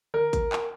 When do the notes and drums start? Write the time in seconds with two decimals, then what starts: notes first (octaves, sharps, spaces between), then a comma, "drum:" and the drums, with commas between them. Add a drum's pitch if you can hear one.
0.14 A#4, drum: tom D3
0.33 drum: kick, hi-hat
0.52 drum: clap